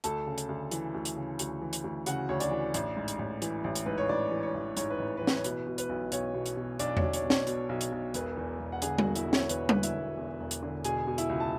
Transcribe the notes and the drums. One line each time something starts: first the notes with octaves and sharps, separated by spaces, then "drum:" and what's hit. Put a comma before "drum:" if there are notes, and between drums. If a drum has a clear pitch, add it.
D2 A4 A5, drum: hi-hat
C#3
drum: hi-hat
D2
E3, drum: hi-hat
D2
drum: hi-hat
C#3
D2, drum: hi-hat
E3
drum: hi-hat
D2
C#3 F#4 F#5, drum: hi-hat
D2 C#5
D4 D5, drum: hi-hat
E3
A1, drum: hi-hat
G#2
drum: hi-hat
A1
E3, drum: hi-hat
A1
drum: hi-hat
G#2 B4
C#5
A1 D4 D5
E3
C#5
A1
G#2 C#5, drum: hi-hat
B4
A1
E3 B4
drum: snare
C#5
B2 B4, drum: hi-hat
B2
B4, drum: hi-hat
B1
B1 C#5, drum: hi-hat
B2
drum: hi-hat
B2
B1 D4 D5, drum: hi-hat
C#5, drum: tom E2
B1
C#5, drum: hi-hat
B2
C#5, drum: snare
B2, drum: hi-hat
B1
drum: hi-hat
B1
E1 B4, drum: hi-hat
E2
E1
F#5
D3 G#4 G#5, drum: hi-hat
F#4 F#5, drum: tom G3
E1
E4 E5, drum: hi-hat
E2
C#5, drum: snare
E1 B4, drum: hi-hat
D3 B4, drum: tom G3
E4 E5, drum: hi-hat
E1
E2
E1
drum: hi-hat
D3
B2 G#4 G#5, drum: hi-hat
B2
E4 E5, drum: hi-hat
C#2
A5